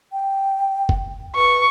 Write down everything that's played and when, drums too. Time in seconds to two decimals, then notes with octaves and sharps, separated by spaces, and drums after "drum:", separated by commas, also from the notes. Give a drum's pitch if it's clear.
0.12 G5
0.89 drum: kick G1
1.36 B4 C#6